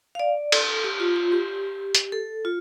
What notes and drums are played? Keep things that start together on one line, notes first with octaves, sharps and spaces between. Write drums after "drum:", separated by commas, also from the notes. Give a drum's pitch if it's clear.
F5
D5
A4, drum: cymbal
G4
F4
F4
G4
drum: hi-hat
A4
F4